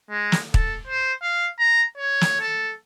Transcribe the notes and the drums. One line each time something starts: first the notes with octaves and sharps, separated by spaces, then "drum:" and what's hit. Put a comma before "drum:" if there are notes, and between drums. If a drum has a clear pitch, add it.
G#3
drum: snare
A4, drum: kick
C5
F5
A#5
C#5
drum: snare
A4